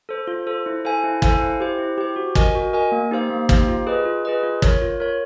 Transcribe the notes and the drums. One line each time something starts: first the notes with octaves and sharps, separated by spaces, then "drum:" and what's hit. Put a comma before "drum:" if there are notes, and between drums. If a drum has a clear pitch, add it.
A4 C5
F4
A4 C5
E4
A4 C5 F5 G#5
E4
A4 C5 F5 G#5, drum: kick
E4
G4 C5
E4
G4 C5
F#4
A#4 D#5 G#5, drum: kick
F#4
A#4 D#5 G#5
A#3
D#4 G4 C5 F5
A#3
D#4 G4 C5 F5, drum: kick
F4
G#4 B4 D#5
F4
G#4 B4 D#5
F4
A#4 C#5, drum: kick
F4
A#4 C#5